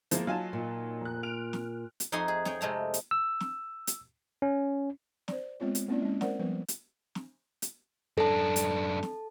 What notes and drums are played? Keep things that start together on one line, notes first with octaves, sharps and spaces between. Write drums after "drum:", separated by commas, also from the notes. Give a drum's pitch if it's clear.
F3 G#3 A#3 E4 C5, drum: hi-hat
F#3 D#4 F4 F5 G#5 A5
A#2
F1 F#6
F6 D7 F7
drum: snare
drum: hi-hat
F2 D#4 E5 F#5 G#5 C6
G#4
G#4 C#5 G5, drum: snare
C3 G#3 A3 A#5
drum: hi-hat
E6
drum: snare
drum: hi-hat
C#4
C5 D5, drum: snare
G#3 B3 C4 F4 C#5
drum: hi-hat
A#3 C4 C#4 E4 D5
G#3 C#4
A#4 C5 D5 F#5, drum: snare
F3 G3 B3 B4
drum: hi-hat
drum: snare
drum: hi-hat
F#2 D4 A4 A5
drum: hi-hat
drum: snare